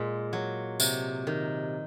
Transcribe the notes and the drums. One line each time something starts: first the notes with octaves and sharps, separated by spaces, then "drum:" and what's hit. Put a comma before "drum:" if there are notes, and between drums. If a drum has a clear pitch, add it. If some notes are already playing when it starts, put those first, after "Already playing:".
Already playing: A#2 G#3
F#3
C3, drum: tambourine
D#3